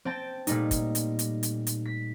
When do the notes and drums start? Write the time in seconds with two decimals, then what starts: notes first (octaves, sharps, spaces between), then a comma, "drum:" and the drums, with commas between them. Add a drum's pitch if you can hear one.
0.05 C4 G5 A5
0.47 A#2 G3 A3 D#4, drum: hi-hat
0.71 drum: kick, hi-hat
0.95 drum: hi-hat
1.19 drum: hi-hat
1.43 drum: hi-hat
1.67 drum: hi-hat
1.85 B6